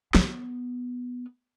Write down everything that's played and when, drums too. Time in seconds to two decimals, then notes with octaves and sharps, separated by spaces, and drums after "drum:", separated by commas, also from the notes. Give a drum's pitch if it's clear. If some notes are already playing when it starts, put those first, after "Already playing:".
0.14 B3, drum: snare